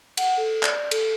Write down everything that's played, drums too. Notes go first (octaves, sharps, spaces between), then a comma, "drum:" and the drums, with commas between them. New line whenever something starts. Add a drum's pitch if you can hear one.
F#5, drum: cymbal
A4
D5, drum: clap
A4, drum: cymbal